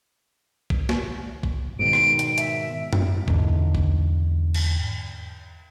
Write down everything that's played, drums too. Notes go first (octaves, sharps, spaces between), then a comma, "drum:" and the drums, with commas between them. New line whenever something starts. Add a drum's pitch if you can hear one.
drum: kick
drum: snare
drum: kick
G#2 B2 D#3 D7
drum: rim click
drum: hi-hat
E5, drum: hi-hat
drum: tom F#2
E2 G#2 D3, drum: kick
drum: kick
drum: cymbal